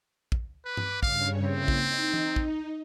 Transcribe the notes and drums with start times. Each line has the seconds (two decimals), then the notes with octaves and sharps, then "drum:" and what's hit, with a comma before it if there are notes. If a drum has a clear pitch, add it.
0.32 drum: kick
0.66 B4 D6
0.77 drum: tom G2
1.03 G2 C#3 C#5 F5, drum: kick
1.45 C#3 A#3 C4 E4
1.68 drum: kick
1.81 D#4
2.14 drum: tom E3
2.36 drum: kick